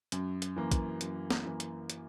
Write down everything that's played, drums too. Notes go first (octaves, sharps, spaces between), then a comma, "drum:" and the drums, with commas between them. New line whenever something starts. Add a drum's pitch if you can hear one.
F#2, drum: hi-hat
drum: hi-hat
E3 A#3
drum: kick, hi-hat
F#2, drum: hi-hat
drum: snare
E3 A#3
drum: hi-hat
drum: hi-hat